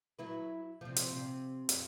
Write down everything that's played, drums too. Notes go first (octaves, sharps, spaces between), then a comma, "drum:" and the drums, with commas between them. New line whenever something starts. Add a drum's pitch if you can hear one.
F#3 E4 B4
C3 F3
drum: hi-hat
C3
F2, drum: hi-hat